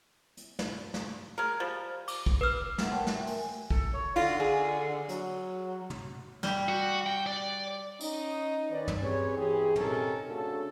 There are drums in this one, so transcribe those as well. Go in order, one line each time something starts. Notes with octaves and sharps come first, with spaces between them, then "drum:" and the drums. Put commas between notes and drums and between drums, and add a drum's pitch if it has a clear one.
drum: hi-hat
drum: snare
drum: snare
G#3 A#4
F3 G3
D6, drum: cymbal
drum: kick
B4 F6
A#3 F#5, drum: snare
A#4 C#5 G5 A5 C6
E5, drum: snare
A#4 G#5, drum: open hi-hat
A4, drum: kick
C#5
D3 F4, drum: cymbal
G#4
F#3, drum: hi-hat
drum: tom
G3 G4, drum: snare
F#4
G5
D5
C#4 D#4, drum: tambourine
D#3 C#4 B4 C#5 D5
drum: tom
C4 C#4 G4 G#4 B4 C#5
E3 C4 G4 G#4
C3 C#4 D#4 G4 A4 A#4, drum: tom
C#3 A3 D4 F#4 A4